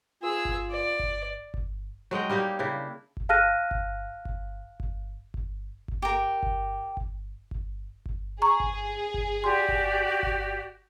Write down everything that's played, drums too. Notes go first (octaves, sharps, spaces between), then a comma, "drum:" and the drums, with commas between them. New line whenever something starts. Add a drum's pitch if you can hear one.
F4 G#4 E6
drum: kick G1
D5
drum: kick G1
drum: kick G1
F#3 G#3 D#5 G5
G3 A#3 D#4 G4
C#3 D4 E4
drum: kick G1
F5 A5 F6 F#6 A#6 D#7
drum: kick G1
drum: kick G1
drum: kick G1
drum: kick G1
drum: kick G1
G4 A#4
drum: kick G1
drum: kick G1
drum: kick G1
drum: kick G1
G#4 A#5 C#6
drum: kick G1
drum: kick G1
F#4 G4 D5 C6
drum: kick G1
drum: kick G1